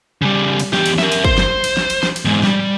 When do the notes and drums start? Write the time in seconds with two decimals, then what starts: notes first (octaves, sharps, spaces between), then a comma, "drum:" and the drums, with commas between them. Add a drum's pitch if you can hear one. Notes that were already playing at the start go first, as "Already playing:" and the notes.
0.22 C#3 G3
0.60 drum: cymbal
0.73 E2 G4, drum: snare
0.86 drum: cymbal
0.99 A#4 E5, drum: snare
1.12 drum: cymbal
1.24 C5, drum: kick
1.38 drum: snare
1.64 drum: cymbal
1.77 drum: snare
1.90 drum: cymbal
2.03 drum: snare
2.16 drum: cymbal
2.25 E2 G#2
2.43 G3, drum: snare